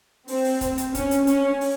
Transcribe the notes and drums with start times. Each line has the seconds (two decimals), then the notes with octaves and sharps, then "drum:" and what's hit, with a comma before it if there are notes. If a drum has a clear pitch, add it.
0.28 C4, drum: open hi-hat
0.44 drum: open hi-hat
0.61 drum: kick, hi-hat
0.78 drum: hi-hat
0.95 C#4, drum: kick, hi-hat
1.11 drum: hi-hat
1.27 C#4, drum: hi-hat
1.61 drum: open hi-hat